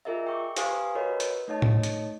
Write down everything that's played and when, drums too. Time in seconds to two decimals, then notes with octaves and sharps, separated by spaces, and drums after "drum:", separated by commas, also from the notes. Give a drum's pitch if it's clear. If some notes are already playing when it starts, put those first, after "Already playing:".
0.05 F4 G#4 A#4 D#5 E5
0.27 G5 C#6 D6
0.57 G4 B4 C5 F5 G#5 D#6, drum: hi-hat
0.95 F#4 A#4 B4 C#5 D#5
1.20 drum: hi-hat
1.48 A3 D#4 C#5 D#5 A5
1.62 drum: tom A2
1.83 drum: hi-hat